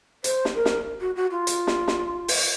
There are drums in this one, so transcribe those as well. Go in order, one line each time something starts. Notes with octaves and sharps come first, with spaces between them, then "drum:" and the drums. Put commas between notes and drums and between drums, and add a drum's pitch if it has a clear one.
C5, drum: hi-hat
drum: snare
A#4
drum: snare
F#4
F#4
F4
drum: hi-hat
drum: snare
drum: snare
drum: open hi-hat